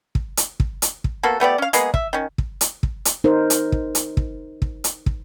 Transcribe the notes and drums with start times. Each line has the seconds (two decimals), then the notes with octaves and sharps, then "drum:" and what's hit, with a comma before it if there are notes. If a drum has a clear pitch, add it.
0.15 drum: kick
0.37 drum: hi-hat
0.60 drum: kick
0.82 drum: hi-hat
1.04 drum: kick
1.23 A#3 B3 F#4 A4
1.40 A3 B3 G4 D5
1.58 C#4 F5
1.73 G#3 A#3 B3 G#4, drum: hi-hat
1.94 E5, drum: kick
2.13 D#3 C#4
2.38 drum: kick
2.61 drum: hi-hat
2.83 drum: kick
3.05 drum: hi-hat
3.24 D#4 A#4 C5
3.50 drum: hi-hat
3.72 drum: kick
3.95 drum: hi-hat
4.17 drum: kick
4.62 drum: kick
4.84 drum: hi-hat
5.06 drum: kick